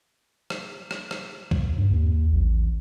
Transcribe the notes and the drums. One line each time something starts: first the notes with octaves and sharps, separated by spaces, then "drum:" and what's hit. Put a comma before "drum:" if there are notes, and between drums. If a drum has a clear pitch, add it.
drum: rim click
drum: rim click
drum: rim click
drum: kick C2
G2
D#2
A1